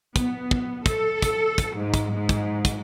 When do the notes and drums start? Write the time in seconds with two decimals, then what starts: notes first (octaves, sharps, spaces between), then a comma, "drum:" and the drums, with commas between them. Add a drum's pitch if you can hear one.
0.16 B3, drum: kick, hi-hat
0.51 drum: kick
0.86 A4, drum: kick, hi-hat
1.22 drum: kick, hi-hat
1.58 drum: kick, hi-hat
1.76 G#2
1.94 drum: kick, hi-hat
2.12 G#2
2.29 drum: kick, hi-hat
2.65 drum: kick, hi-hat